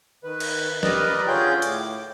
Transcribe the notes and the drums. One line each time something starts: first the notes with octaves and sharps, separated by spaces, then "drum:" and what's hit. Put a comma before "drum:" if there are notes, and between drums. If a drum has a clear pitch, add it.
D#3 B4
drum: cymbal
G3 A#4 B4 D5 D#5, drum: snare
D3 C#4 F4 G#4 G5 G6
A2 D6, drum: hi-hat